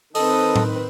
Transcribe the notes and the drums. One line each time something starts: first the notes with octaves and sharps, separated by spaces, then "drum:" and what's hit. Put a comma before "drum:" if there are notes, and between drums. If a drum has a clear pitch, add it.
D#3 C4 A4 B4 D#5 D#6, drum: open hi-hat
drum: tom A2